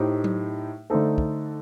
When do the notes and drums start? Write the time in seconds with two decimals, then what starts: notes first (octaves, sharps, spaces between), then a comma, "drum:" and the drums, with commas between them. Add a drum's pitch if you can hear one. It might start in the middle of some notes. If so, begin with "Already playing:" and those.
Already playing: A2 A3 D#4 G4 C5
0.24 drum: tom F#3
0.90 D3 A3 D#4 A4 C5
1.18 drum: kick